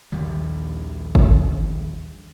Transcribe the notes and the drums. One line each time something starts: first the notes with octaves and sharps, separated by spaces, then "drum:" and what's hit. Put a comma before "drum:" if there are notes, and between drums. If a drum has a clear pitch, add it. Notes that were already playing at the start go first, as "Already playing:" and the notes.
A#1 D#2 D#3 G3
drum: kick